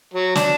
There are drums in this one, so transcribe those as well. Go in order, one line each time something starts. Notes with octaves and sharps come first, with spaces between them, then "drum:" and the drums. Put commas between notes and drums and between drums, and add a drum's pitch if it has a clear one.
F#3
D4, drum: snare